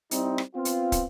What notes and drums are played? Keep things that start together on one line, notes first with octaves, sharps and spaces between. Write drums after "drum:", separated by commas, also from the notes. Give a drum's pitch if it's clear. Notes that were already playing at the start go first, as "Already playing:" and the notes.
G3 C4 D#4 E4, drum: hi-hat
drum: rim click
B3 C4 F4
drum: hi-hat
drum: kick, hi-hat